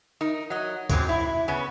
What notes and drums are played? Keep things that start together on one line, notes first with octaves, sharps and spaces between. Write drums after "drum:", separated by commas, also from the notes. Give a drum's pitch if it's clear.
D#4 A#4
F#3 D#5
C#3 F#3 G#3 A#3 C4, drum: kick, tambourine
E4
C#3 B3 C#4